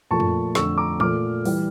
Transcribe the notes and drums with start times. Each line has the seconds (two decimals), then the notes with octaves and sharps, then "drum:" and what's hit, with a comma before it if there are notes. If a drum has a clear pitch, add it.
0.11 A#2 F3 A3 A5 C#6
0.20 drum: tom F2
0.55 F2 D3 A3 C#6 E6, drum: snare
0.78 A#5 D6
1.00 A#2 A3 D6 F6, drum: tom E3
1.45 E3 G3, drum: open hi-hat